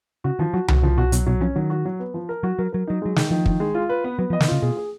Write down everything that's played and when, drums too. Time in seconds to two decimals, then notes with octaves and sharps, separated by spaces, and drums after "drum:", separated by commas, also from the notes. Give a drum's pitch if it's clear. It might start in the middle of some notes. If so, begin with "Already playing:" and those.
0.24 C#3 F#4
0.39 D#3 F3
0.54 F#3 F#4
0.68 D#3 F#4, drum: tom C2
0.83 C#3 F3
0.97 B2 F#4
1.12 B2 F#3, drum: hi-hat
1.26 B2 F#3
1.41 F3 C#4
1.56 D#3 F#3
1.70 F#4
1.85 F#3
1.99 B3
2.14 F3
2.29 A#4
2.43 F#3 F#4
2.59 F#3 A#4
2.73 F#3 A#4
2.87 F#3 D#4
3.02 F#3 G#3
3.16 D#3, drum: snare
3.31 D#3 F3
3.46 D#3, drum: kick
3.60 G#3
3.75 F4
3.89 B4
4.04 B3
4.19 F#3 B3
4.30 F3
4.33 D#5
4.40 D#3, drum: snare
4.48 C#3 F4
4.62 B2 G#4
4.77 G#4